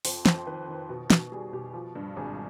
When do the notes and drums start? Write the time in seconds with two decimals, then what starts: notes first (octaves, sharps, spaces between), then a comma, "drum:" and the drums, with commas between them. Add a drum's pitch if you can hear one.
0.05 F2 C5, drum: open hi-hat
0.26 F2 C5, drum: snare
0.47 D#3 B4
0.68 D#3
0.89 B2
1.10 B2, drum: snare
1.32 G3 G#4
1.53 B2 G4
1.74 F3
1.95 G2
2.16 G#1 G#4